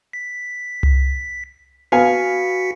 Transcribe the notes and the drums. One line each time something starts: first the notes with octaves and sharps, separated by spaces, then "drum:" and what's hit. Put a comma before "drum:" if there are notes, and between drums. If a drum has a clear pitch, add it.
B6
drum: tom C2
B3 F#4 F5 G#5 B6 C#7